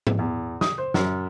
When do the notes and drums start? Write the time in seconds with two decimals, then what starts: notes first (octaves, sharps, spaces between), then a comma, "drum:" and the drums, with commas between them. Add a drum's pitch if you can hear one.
0.07 drum: tom
0.19 E2
0.61 D#6, drum: snare
0.78 C5
0.94 F#2, drum: snare